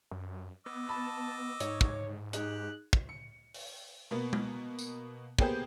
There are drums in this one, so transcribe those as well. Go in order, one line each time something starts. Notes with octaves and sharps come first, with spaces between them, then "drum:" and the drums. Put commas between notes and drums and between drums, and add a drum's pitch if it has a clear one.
F#2
B3 D#5 D6 E6
A5 B5
G#2 D#4 C#5, drum: hi-hat
drum: kick
D#4 G4 G#4 F#6, drum: hi-hat
drum: kick
C#7
drum: open hi-hat
B2 A#3 B3
drum: tom G#3
drum: tambourine
A#3 B3 G4 G#4 C5 G6, drum: kick